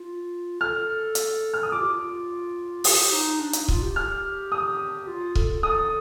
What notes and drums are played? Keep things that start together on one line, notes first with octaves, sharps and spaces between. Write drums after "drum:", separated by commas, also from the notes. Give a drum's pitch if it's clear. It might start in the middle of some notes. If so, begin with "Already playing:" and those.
Already playing: F4
A4 F6
drum: hi-hat
F6
D#6
F4 D6
G4
F4
G4 D#6, drum: open hi-hat
D#4
D4
D#4, drum: hi-hat
F4, drum: kick C#1
G4
F6
D#6
F4
A4, drum: kick C#1
A4 D#6